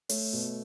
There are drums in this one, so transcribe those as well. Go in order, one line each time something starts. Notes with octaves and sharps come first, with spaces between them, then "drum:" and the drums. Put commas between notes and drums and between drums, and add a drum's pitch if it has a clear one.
A3 C#5, drum: open hi-hat
B2